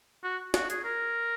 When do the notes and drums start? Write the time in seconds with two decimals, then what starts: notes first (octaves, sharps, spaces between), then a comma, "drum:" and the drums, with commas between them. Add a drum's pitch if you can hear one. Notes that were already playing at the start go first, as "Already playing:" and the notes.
0.24 F#4
0.54 F#4, drum: snare
0.70 G#4, drum: hi-hat
0.84 A#4